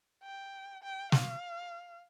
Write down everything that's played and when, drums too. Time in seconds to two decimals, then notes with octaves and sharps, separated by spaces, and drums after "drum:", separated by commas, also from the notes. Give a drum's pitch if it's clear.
0.23 G5
0.83 G5
1.12 F5, drum: snare